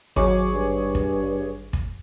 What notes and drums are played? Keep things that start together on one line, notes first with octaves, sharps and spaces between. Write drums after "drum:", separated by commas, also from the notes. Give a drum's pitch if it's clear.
G#1 F#3 G#4 C#5 D6, drum: kick
G2
drum: kick
drum: kick